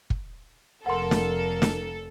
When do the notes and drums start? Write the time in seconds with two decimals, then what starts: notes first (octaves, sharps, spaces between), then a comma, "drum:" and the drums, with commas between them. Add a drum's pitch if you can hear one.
0.10 drum: kick
0.86 F1 A#3 A4 A#4 F#5 C6
1.11 drum: snare
1.62 drum: snare